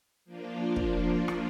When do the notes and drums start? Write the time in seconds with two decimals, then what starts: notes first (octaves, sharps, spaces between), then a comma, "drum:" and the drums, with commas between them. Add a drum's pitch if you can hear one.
0.25 F3 A#3 D4 F4
0.76 drum: kick
1.28 drum: rim click